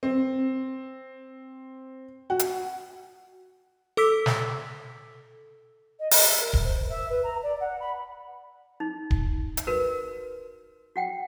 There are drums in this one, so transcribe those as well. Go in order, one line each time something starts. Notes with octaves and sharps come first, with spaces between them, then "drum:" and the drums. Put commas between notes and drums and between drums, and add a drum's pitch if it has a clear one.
C4
F#4
drum: hi-hat
A4 D6 E6 B6
drum: snare
D#5
D#5, drum: open hi-hat
E5
A#4
drum: kick D1
C5
E5
B4
A#5
D5
F#5
B5
D#4
drum: kick D1
drum: hi-hat
F#4 A#4 B4
F#4 F#5 G5